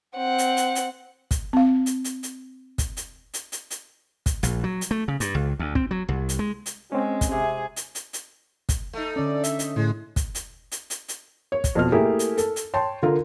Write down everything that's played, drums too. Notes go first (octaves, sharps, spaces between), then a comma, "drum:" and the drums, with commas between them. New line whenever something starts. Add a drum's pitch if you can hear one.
C4 F#5
drum: hi-hat
drum: hi-hat
drum: hi-hat
drum: kick, hi-hat
C4 F5
drum: hi-hat
drum: hi-hat
drum: hi-hat
drum: kick, hi-hat
drum: hi-hat
drum: hi-hat
drum: hi-hat
drum: hi-hat
drum: kick, hi-hat
A#1, drum: hi-hat
F#3
drum: hi-hat
A3
C#3
G2, drum: hi-hat
C#2
D2
C4, drum: kick
F#3
C2
drum: hi-hat
G#3
drum: hi-hat
G#3 C4 C#4
drum: kick, hi-hat
C3 G#4
drum: hi-hat
drum: hi-hat
drum: hi-hat
drum: kick, hi-hat
A3 D#4
D3 C#4 D5
E5, drum: hi-hat
D#5, drum: hi-hat
A2 D3 G#3
drum: kick, hi-hat
drum: hi-hat
drum: hi-hat
drum: hi-hat
drum: hi-hat
C#5
drum: kick, hi-hat
F2 B2 F6
A3 A#3 E4 G4 G#4
drum: hi-hat
A4, drum: hi-hat
drum: hi-hat
C#5 G5 A5 C6
D3 F4 A#4